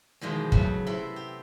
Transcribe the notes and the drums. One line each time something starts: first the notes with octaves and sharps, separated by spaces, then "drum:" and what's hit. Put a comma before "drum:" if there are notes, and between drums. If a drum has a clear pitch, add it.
E2 B2 D#3 F3 G#3 C5
C#3 F#3 A3 B3, drum: kick
C3 B3 C4 E4
G4